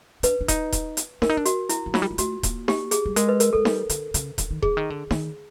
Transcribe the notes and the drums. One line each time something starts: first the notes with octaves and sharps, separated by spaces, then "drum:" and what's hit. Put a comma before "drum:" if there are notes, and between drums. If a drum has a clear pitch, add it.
D4 B4, drum: hi-hat
D4
D#4, drum: kick D#1, hi-hat
drum: kick D#1, hi-hat
drum: hi-hat
D4 A#4, drum: snare D#4
D#4
D4
F#4, drum: hi-hat
E4, drum: hi-hat
F3
F#3 F4, drum: snare D#4
G3
G#3
A3 F#4, drum: hi-hat
A#3, drum: kick D#1, hi-hat
G4, drum: snare D#4
G#4, drum: hi-hat
G3
G#3 A#4, drum: hi-hat
B4
A#4, drum: hi-hat
G#3 A4
G3, drum: snare D#4
D3, drum: hi-hat
C#3, drum: hi-hat
D3, drum: kick D#1, hi-hat
D#3
D3 G#4, drum: kick D#1
D#3
D3
D#3, drum: snare D#4